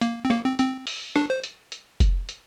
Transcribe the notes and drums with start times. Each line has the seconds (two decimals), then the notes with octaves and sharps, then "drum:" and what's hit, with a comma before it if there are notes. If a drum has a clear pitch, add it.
0.01 A#3, drum: hi-hat
0.25 C4
0.31 A#3, drum: rim click
0.44 C4
0.59 C4, drum: hi-hat
0.87 drum: open hi-hat
1.16 D4, drum: rim click
1.30 C5
1.44 drum: hi-hat
1.72 drum: hi-hat
2.00 drum: kick F1, hi-hat
2.29 drum: hi-hat